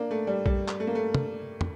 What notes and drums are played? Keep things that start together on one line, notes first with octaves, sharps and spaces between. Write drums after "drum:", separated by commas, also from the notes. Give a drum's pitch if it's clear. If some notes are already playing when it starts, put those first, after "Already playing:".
Already playing: A#3 D4
A3
G3
G3, drum: kick A#1
drum: clap
A3
A#3
A3
drum: tom
drum: tom